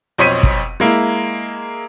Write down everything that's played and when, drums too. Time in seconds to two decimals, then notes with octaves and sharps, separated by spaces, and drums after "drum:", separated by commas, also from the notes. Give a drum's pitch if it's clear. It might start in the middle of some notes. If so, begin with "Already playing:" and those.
0.18 B1 F2 C5 C#5 B6 D#7
0.43 drum: kick
0.80 G#3 A#3 E4